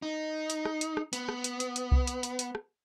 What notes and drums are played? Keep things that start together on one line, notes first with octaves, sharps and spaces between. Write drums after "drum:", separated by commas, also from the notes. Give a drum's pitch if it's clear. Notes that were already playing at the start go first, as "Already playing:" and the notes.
D#4
drum: hi-hat
drum: rim click
drum: hi-hat
drum: rim click
B3, drum: hi-hat
drum: rim click
drum: hi-hat
drum: hi-hat
drum: hi-hat
drum: kick C2
drum: hi-hat
drum: hi-hat
drum: hi-hat
drum: rim click